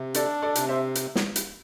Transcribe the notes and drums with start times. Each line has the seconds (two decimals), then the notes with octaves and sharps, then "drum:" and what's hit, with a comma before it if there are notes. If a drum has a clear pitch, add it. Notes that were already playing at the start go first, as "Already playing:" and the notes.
Already playing: C3
0.14 D4 A4 D5, drum: hi-hat
0.42 A4 D5
0.55 C3, drum: hi-hat
0.69 C5 E5
0.95 drum: hi-hat
1.16 drum: snare
1.36 drum: hi-hat